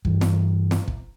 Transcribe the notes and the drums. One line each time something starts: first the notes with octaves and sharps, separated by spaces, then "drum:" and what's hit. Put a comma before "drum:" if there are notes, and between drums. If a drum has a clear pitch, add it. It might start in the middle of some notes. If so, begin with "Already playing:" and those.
G2 E3, drum: kick
drum: snare
drum: snare
drum: kick